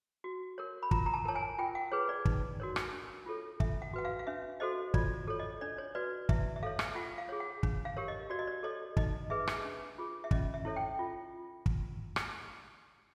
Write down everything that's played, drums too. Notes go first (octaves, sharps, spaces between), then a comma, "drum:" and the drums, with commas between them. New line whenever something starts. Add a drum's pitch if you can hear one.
F#4
A#4 C#5
B5
F4 A#5, drum: kick
A#5
A5
A#4 C#5 A5
G#5
F4 G5
F#5
G#4 B4 C#5
D5
D#4, drum: kick
F#4 A#4 C#5
drum: rim click
D4
F4 A4 C#5
D4 E5, drum: kick
F#5
F#4 B4 F#5
F5
F5
D4 E5
F#4 A4 C5 D#5
F4 D5, drum: kick
A4 C#5
D#5
D4 D5
C#5
F#4 B4 D5
E4 E5, drum: kick
E5
A4 C#5 F5
drum: rim click
F4 F#5
F5
G#4 C#5
F#5
D4, drum: kick
F5
G4 A#4 C#5
D#5
F#4 D5
D#5
D5
A4 C#5 D#5
D#4 D#5, drum: kick
G#4 B4 E5
drum: rim click
D4
F4 G#4
E5
C#4 D#5, drum: kick
E5
E4 A4 C#5
G5
F4
drum: kick
drum: rim click